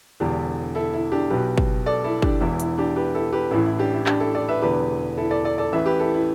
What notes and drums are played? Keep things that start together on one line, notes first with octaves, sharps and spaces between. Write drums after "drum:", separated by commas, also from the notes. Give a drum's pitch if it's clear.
E1 E2 D3 D4 G4
E4 A4
E4
D4 G4
B1 B2 G4 B4
drum: kick
A4 D5
E4 A4
D4 G4, drum: kick
E1 E2 E3 E4
E4, drum: hi-hat
D4 G4
G4 B4
E4 A4
G4 B4
A1 A2 E3 E4 A4
E4
D4 G4
E4
D4 G4, drum: clap
E4 A4
A4 D5
B4 E5
E1 E2 D3 G4 B4
E4 A4
A4 D5
A4 D5
A4 D5
A1 A2 E3 B4 E5
G4 B4
E4 A4
E4